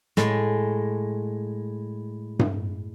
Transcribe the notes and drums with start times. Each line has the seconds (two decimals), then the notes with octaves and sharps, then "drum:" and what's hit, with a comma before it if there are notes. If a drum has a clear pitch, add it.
0.17 A2 G#3, drum: snare
2.39 drum: tom G2